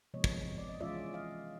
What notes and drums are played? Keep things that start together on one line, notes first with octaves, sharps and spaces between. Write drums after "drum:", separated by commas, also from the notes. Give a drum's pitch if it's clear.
C3 F3 G#3 B3 C#5 D#5
drum: kick
D5
D#5
E3 G#3 C#4 F4 D5 E5
D#5 F5